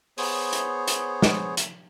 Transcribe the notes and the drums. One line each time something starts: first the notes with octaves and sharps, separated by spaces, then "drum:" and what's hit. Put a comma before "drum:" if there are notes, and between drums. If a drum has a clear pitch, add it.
B3 G#4 C5 C#5, drum: open hi-hat
drum: hi-hat
drum: hi-hat
drum: snare
drum: hi-hat